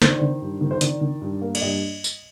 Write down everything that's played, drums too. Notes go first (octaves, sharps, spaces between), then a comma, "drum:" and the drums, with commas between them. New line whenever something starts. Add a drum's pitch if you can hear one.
D#3 C5, drum: snare
D5
D#3 C5
G2
D#3
C5
D#3 D5, drum: hi-hat
D#3
G2
A#3
D5, drum: cymbal
G2 D#5
drum: tambourine